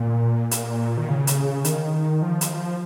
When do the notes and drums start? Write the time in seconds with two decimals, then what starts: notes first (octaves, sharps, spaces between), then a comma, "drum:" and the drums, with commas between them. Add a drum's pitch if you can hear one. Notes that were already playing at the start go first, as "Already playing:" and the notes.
Already playing: A#2
0.51 drum: hi-hat
0.98 D#3
1.09 C#3
1.27 drum: hi-hat
1.65 D#3, drum: hi-hat
2.22 F3
2.41 drum: hi-hat
2.50 F3